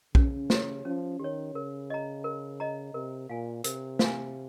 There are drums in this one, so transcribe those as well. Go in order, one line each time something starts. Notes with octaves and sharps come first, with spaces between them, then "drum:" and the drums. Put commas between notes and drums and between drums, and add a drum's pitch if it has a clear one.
C#3 C#4, drum: kick
G4 C#5, drum: snare
F3 C#4
D#3 G4 C#5
C#3 A#4
D#5 A#5
A#4
D#5 A#5
C3 A#4
A#2 F5 G#5
C3 A#4, drum: hi-hat
F5 G#5, drum: snare